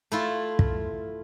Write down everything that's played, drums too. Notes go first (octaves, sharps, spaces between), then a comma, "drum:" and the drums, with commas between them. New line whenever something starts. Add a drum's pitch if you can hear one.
A3 E4 F4
drum: kick